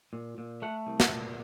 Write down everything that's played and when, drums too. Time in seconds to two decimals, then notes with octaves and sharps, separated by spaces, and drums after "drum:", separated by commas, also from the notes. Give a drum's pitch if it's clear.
0.13 A#2
0.38 A#2
0.62 A3 F#5
0.87 C2
1.00 F#5, drum: snare
1.12 A#2